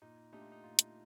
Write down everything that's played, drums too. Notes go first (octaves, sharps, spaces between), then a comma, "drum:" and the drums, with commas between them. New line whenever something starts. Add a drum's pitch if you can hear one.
A#2 D#4
A3 D4 D#4 G4
F4
D#4
A#2 F4
drum: hi-hat